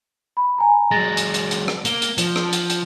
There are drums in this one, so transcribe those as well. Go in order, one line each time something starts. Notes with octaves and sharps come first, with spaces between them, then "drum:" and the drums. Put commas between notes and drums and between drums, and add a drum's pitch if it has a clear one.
B5
G#5 A#5
F#3 G#3 A6 A#6
drum: hi-hat
drum: hi-hat
drum: hi-hat
drum: rim click
A#3 G7, drum: hi-hat
drum: hi-hat
F3, drum: hi-hat
drum: rim click
drum: hi-hat
drum: hi-hat